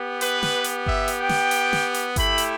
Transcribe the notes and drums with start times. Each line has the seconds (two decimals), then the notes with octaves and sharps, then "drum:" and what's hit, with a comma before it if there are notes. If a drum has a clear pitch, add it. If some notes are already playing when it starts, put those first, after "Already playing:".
Already playing: B3 G4
0.21 B4, drum: hi-hat
0.43 drum: snare
0.64 drum: hi-hat
0.86 E5, drum: kick G1
1.08 drum: hi-hat
1.19 G5
1.29 drum: snare
1.51 drum: hi-hat
1.73 drum: snare
1.94 drum: hi-hat
2.16 A3 E4 G4 B5, drum: kick G1, hi-hat
2.38 drum: hi-hat